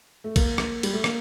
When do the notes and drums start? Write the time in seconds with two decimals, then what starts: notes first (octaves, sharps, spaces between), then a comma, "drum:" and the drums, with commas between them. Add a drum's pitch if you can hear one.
0.24 A3
0.36 A#3, drum: kick, cymbal
0.58 drum: rim click
0.83 G3, drum: cymbal
0.93 A3
1.04 A#3, drum: rim click